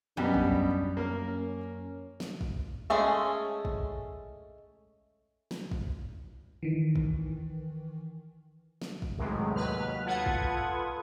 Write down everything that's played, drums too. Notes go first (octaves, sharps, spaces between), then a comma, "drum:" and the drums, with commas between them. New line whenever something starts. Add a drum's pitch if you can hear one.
F#2 B2 G3 B3 D4
drum: kick
A#3 C#4 A#4
drum: snare
drum: kick
G#3 A3 C#4 G#4 A4
drum: kick
drum: snare
drum: kick
D#3 E3
drum: kick
drum: snare
drum: kick
A2 C3 D#3 F#3 G#3
D#2 F#3 B4 F6
F4 A4 B4 F#5 D#6 G#6
drum: kick